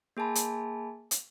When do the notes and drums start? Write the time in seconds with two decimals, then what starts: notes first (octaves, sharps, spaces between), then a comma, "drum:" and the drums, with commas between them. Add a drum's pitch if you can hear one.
0.17 A#3 G#4 G#5 A5 B5
0.35 drum: hi-hat
1.11 drum: hi-hat